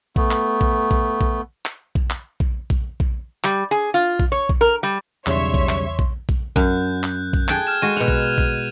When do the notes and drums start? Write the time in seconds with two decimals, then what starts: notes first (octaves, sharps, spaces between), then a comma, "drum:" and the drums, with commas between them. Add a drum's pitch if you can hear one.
0.16 A3 B3, drum: kick A#1
0.31 drum: clap
0.61 drum: kick A#1
0.91 drum: kick A#1
1.21 drum: kick A#1
1.65 drum: clap
1.95 drum: kick A#1
2.10 drum: clap
2.40 drum: kick A#1
2.70 drum: kick A#1
3.00 drum: kick A#1
3.44 G3, drum: clap
3.71 G#4
3.94 F4
4.20 drum: kick A#1
4.32 C#5
4.49 drum: kick A#1
4.61 A#4
4.83 G3
5.26 B1 E2 C#3 G3 C#5 E5 C6 C#6, drum: clap
5.54 drum: kick A#1
5.69 drum: clap
5.99 drum: kick A#1
6.29 drum: kick A#1
6.56 F#2 F#6 G6, drum: kick A#1
7.03 drum: clap
7.33 drum: kick A#1
7.48 G#4 G5 A5 F#6 G#6, drum: clap
7.67 F6 G#6 E7
7.82 G#3 F#4 D#7
7.97 B2 F#5 F7
8.08 drum: kick A#1
8.38 drum: kick A#1